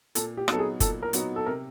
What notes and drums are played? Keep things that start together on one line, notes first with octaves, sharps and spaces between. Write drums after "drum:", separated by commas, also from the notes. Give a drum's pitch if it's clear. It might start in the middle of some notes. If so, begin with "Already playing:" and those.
A#2 A4, drum: hi-hat
G4
F#3 B3 D#4 F#4 A4, drum: rim click
G#4
A#2 A4, drum: kick F#1, hi-hat
A#4
F#3 B3 D#4 F#4, drum: hi-hat
A4
C3 A#4